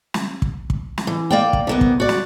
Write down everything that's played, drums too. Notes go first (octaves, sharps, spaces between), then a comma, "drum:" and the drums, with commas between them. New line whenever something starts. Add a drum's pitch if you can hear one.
drum: snare
drum: kick
drum: kick
drum: snare
E3
A#3 D5 G5
drum: kick
C3 A#3 B3
drum: kick
F#4 D5
drum: snare